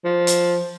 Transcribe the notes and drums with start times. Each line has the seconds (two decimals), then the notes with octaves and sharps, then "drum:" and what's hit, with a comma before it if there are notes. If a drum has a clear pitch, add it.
0.05 F3
0.27 drum: hi-hat